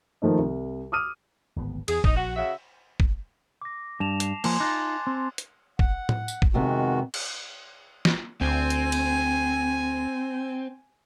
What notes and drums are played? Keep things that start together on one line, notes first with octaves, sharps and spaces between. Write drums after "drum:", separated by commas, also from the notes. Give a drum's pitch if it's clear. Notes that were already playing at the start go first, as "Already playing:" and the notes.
D#3 F3 A3 D#4
C2
D6 D#6 F6 D#7
D1 G#1 B3
E2 G#4, drum: cymbal
A#1 D#4, drum: kick
F#4
C#3 F#4 E5
drum: kick
D6 A#6
G2 A5 E7 F7
C7, drum: hi-hat
F3 A#3 G#5 C6 G#6, drum: cymbal
D#4 F4 D6 F#6 A6
C4
drum: hi-hat
F#5, drum: kick
drum: tom A2
drum: tambourine
drum: kick
F2 C3 D#3 G#3 B3 F#4
drum: cymbal
drum: snare
D2 C4 G#5
drum: hi-hat
drum: cymbal